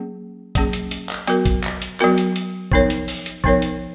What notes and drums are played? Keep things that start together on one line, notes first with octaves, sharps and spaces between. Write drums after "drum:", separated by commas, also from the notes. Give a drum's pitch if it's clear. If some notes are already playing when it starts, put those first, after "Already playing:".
Already playing: F#3 A#3 C#4 G#4
F#3 A#3 C#4 G#4, drum: kick, hi-hat
drum: hi-hat
drum: hi-hat
drum: clap
F#3 B3 F#4 A#4, drum: hi-hat
drum: kick, hi-hat
drum: clap
drum: hi-hat
F#3 B3 F#4 A#4, drum: clap
drum: hi-hat
drum: hi-hat
F3 B3 D#4 A#4 C#5, drum: kick
drum: hi-hat
drum: open hi-hat
drum: hi-hat
F3 B3 D#4 A#4 C#5, drum: kick
drum: hi-hat